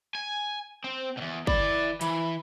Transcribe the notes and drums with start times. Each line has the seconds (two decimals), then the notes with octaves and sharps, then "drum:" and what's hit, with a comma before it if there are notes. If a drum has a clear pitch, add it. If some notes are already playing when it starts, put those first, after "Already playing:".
0.15 G#5
0.84 C4
1.17 E2 B2
1.47 E3 D5 B5, drum: kick
2.01 E3 B5, drum: hi-hat